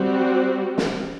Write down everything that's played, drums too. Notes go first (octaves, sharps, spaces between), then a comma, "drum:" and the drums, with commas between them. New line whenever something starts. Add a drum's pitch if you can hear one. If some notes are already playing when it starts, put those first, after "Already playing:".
Already playing: G3 C4 F#4
drum: snare